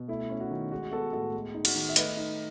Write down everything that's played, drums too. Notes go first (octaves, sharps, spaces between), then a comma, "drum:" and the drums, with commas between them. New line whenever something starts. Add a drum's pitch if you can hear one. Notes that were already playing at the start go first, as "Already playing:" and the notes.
Already playing: B2
A3 E4
C#4
F#4
D#3
G#3 F#4
B3 F#4 A4
A2 F#4 A4
G#3
D#4
F#4, drum: cymbal
D#3
E5
A3 B4 D#5, drum: hi-hat
D#4